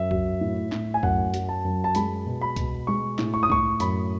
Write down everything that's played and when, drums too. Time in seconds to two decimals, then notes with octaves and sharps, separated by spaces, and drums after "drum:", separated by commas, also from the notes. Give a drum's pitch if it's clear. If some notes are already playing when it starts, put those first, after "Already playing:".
Already playing: F#2 E5
0.11 F#3, drum: kick
0.41 A2
0.72 A2, drum: clap
0.94 G#5
1.03 F#2 F#5, drum: kick
1.34 F#3, drum: hi-hat
1.49 A5
1.65 F#2
1.84 A5
1.95 G#3 B5, drum: hi-hat
2.26 B2
2.41 B5
2.56 B2, drum: kick, hi-hat
2.87 G#3 C#6
3.19 A2, drum: clap
3.34 C#6
3.43 D#6
3.50 A2 C#6, drum: kick
3.80 F#2 B5, drum: hi-hat